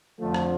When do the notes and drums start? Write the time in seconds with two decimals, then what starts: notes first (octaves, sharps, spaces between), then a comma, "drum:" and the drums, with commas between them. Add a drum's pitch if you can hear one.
0.20 F2 D3 F3 A3
0.34 drum: rim click